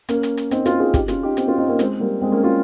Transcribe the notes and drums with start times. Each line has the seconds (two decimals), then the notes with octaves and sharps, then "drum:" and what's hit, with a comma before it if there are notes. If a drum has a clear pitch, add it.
0.09 A#3 C#4, drum: hi-hat
0.23 drum: hi-hat
0.37 drum: hi-hat
0.51 C4 D#4, drum: hi-hat
0.66 C#4 F4, drum: hi-hat
0.80 F4 G#4
0.94 D#4 G4, drum: kick, hi-hat
1.08 C#4 F4, drum: hi-hat
1.23 D#4 G4
1.37 C4 D#4, drum: hi-hat
1.48 C#4 F4
1.58 C4 D#4
1.68 A#3 C#4
1.79 G#3 C4, drum: hi-hat
2.00 G3 A#3
2.22 G#3 C4
2.32 A#3 C#4
2.43 C#4 F4